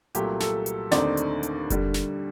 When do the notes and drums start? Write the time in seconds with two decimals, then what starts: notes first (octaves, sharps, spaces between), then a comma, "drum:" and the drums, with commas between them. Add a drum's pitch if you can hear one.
0.15 C2 A#2 F#3 A3 G4, drum: hi-hat
0.40 A4, drum: snare
0.66 drum: hi-hat
0.91 D#2 D3 A3 C4 D#4 D5, drum: snare
1.17 drum: hi-hat
1.43 drum: hi-hat
1.70 D3 G3, drum: kick F1, hi-hat
1.94 drum: snare